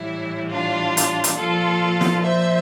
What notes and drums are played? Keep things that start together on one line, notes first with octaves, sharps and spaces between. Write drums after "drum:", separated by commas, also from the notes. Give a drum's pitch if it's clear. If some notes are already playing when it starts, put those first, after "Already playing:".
Already playing: A2 E3 G3 E4
D4 F4
drum: hi-hat
drum: hi-hat
A#2 F3 F4 A4
drum: snare
C5 E5